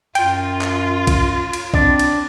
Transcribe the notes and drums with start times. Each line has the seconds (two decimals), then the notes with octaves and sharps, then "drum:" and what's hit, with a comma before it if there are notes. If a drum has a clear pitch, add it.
0.15 F#2 F4 G5, drum: cymbal
0.61 drum: clap
1.07 drum: kick B1, cymbal
1.53 drum: cymbal
1.74 C4 D4, drum: kick B1
1.99 drum: cymbal